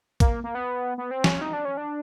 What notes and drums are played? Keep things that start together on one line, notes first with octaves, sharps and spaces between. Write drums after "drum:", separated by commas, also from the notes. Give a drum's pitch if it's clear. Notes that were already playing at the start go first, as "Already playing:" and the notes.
A#3, drum: kick, hi-hat
A#3
B3
B3
C4
C#4, drum: snare
D#4
D4
C#4
D4